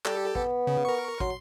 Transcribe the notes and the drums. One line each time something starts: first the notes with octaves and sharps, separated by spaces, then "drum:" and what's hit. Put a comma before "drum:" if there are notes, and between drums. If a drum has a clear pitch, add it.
G3 G4 A4, drum: clap
B3, drum: kick
C#3
A#4 C#6
F#3 C6, drum: kick